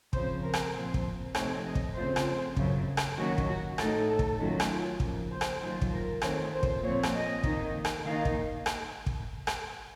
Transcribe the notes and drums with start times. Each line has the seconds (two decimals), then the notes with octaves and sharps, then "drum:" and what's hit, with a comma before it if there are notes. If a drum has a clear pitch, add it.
0.13 C#3 F3 C4 C5, drum: kick
0.43 A#4
0.54 drum: rim click
0.74 A#2 F3 C4 C5
0.94 drum: kick
1.35 C3 F3 A3 C4 D#4 C#5, drum: rim click
1.66 D#5
1.75 drum: kick
1.95 C#3 F3 A3 C4 F4 C5
2.16 drum: rim click
2.56 F#2 C#3 F#3, drum: kick
2.97 drum: rim click
3.17 D#3 F#3 A#3 C#4 F#4
3.38 drum: kick
3.48 F#4
3.78 A2 A3 D#4 A4, drum: rim click
4.09 A4
4.19 drum: kick
4.39 D#3 F#3 A3 C#4 F4 F#4
4.60 drum: rim click
4.70 F4
5.00 C#3 F3 A#3, drum: kick
5.31 C5
5.41 drum: rim click
5.61 D#3 F#3 A#3 F4 C5
5.82 drum: kick
5.92 A#4
6.22 D#3 A3 C4 F4 C#5, drum: rim click
6.53 C5
6.63 drum: kick
6.83 A#2 F3 C4 C#5
7.03 drum: rim click
7.14 D#5
7.43 D#3 A#3 D#4, drum: kick
7.85 drum: rim click
8.04 D#3 A#3 D#4 F5
8.25 drum: kick
8.66 drum: rim click
9.06 drum: kick
9.47 drum: rim click